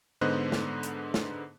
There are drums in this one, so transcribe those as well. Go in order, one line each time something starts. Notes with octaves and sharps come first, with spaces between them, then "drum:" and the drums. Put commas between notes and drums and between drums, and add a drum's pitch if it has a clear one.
G#2 D3 B3 C5 D#5 F#6
drum: snare
drum: hi-hat
drum: snare